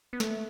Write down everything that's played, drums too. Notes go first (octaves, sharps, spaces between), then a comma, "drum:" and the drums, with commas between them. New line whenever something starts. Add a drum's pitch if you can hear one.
B3
A3, drum: snare